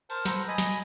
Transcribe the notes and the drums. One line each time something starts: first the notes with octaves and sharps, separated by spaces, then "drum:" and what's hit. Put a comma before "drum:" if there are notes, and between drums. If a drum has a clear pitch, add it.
A#4 C5 A5, drum: cymbal
A4 B4 C5 F#5 A#5, drum: snare
D#5 G#5 B5 D#6
drum: snare